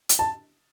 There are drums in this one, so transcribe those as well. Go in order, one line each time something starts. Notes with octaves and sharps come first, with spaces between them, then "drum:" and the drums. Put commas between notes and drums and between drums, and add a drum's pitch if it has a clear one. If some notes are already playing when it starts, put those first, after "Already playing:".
drum: hi-hat
A5